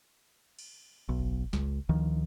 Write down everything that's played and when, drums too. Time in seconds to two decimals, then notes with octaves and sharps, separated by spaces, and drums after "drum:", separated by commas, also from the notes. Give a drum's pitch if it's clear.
0.59 drum: cymbal
1.09 B1
1.19 drum: kick F#1
1.53 C#2, drum: snare
1.89 D2 D#3 F3